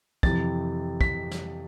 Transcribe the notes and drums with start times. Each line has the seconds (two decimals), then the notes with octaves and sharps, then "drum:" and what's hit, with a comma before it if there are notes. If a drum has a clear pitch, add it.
0.23 F2 C3 E3 A6, drum: kick
1.01 B6, drum: kick
1.31 drum: snare